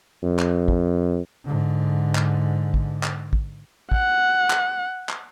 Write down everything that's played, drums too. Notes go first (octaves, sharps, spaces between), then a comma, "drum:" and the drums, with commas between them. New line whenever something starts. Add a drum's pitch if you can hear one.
F2
drum: clap
drum: kick
G#2 D3
drum: clap
drum: kick
drum: clap
drum: kick
F#5, drum: kick
drum: clap
drum: clap